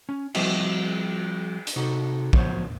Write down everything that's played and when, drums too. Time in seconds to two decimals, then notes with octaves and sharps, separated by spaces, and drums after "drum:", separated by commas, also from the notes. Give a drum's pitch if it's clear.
0.09 C#4
0.35 F3 G3 C4 F#4 D#5 E5, drum: cymbal
1.67 drum: hi-hat
1.76 C3 D#4 F#4 A4
2.33 F3 F#3 B3 C5 C#5, drum: kick